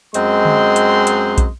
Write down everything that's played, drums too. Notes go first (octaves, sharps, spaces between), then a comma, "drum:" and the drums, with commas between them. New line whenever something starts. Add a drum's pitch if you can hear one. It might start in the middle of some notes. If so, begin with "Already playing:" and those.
F#2 G#3 C4 D#5 C6, drum: hi-hat
drum: tom D3
drum: hi-hat
drum: hi-hat
drum: kick, hi-hat